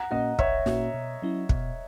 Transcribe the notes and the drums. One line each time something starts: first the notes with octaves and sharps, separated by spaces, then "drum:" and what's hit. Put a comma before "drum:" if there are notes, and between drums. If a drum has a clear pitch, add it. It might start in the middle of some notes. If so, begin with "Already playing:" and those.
Already playing: F#5 A#5
A#2 A#3 C#4 F#4 D#5 F#5
B1 C#5 E5, drum: kick
A#2 A#3 C#4 F#4, drum: snare
B2
F#3 C#4 E4
B2, drum: kick